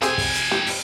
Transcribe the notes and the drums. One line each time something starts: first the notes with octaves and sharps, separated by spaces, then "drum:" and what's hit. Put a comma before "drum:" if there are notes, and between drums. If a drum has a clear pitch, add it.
F2 C4 G4 G#4 G#5, drum: hi-hat
drum: kick, open hi-hat
drum: hi-hat
G4, drum: snare
drum: open hi-hat